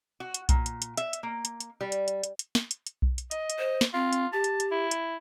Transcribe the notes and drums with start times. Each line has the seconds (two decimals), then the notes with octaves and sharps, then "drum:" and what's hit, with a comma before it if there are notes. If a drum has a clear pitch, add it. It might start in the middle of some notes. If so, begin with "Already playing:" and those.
0.20 F#4
0.34 drum: hi-hat
0.49 A#2, drum: kick B1, hi-hat
0.66 drum: hi-hat
0.82 drum: hi-hat
0.97 E5, drum: hi-hat
1.13 drum: hi-hat
1.23 A#3
1.45 drum: hi-hat
1.60 drum: hi-hat
1.81 G3
1.92 drum: hi-hat
2.08 drum: hi-hat
2.24 drum: hi-hat
2.39 drum: hi-hat
2.55 drum: snare
2.71 drum: hi-hat
2.87 drum: hi-hat
3.02 drum: kick B1
3.18 drum: hi-hat
3.31 D#5, drum: hi-hat
3.50 drum: hi-hat
3.59 C5
3.81 drum: snare
3.94 C4 F4
4.13 drum: hi-hat
4.33 G4 A5
4.44 drum: hi-hat
4.60 drum: hi-hat
4.71 E4
4.91 drum: hi-hat